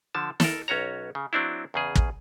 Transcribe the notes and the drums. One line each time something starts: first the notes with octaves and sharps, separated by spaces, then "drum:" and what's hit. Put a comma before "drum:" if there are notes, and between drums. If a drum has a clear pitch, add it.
D3 F3 A5
A4 A#4, drum: snare
B1 C#4 F#4 C#5 A#5
C#3
F#3 C4 D4 E4
E2 C#3 G#4
drum: kick